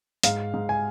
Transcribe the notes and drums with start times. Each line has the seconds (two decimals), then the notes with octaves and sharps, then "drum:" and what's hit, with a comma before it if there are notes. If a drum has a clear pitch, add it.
0.23 G#2 F5, drum: hi-hat
0.54 G#2
0.69 G#5